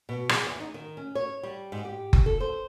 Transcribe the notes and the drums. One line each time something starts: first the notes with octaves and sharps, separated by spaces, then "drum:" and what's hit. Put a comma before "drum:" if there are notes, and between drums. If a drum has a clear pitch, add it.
B2
G#4, drum: rim click
E2
D#4
D#3
C#4
C#5
G3
G#2
G4
drum: kick F#1
A4
C5